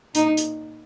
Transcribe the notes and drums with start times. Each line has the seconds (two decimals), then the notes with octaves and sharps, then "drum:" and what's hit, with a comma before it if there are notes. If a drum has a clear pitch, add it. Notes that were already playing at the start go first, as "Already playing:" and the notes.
0.15 A#2 D#4, drum: hi-hat
0.37 drum: hi-hat